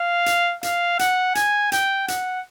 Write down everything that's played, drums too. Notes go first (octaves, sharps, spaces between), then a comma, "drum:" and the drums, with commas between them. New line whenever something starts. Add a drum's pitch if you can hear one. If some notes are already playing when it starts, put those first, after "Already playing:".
Already playing: F5
drum: hi-hat
F5, drum: hi-hat
F#5, drum: hi-hat
G#5, drum: hi-hat
G5, drum: hi-hat
F#5, drum: hi-hat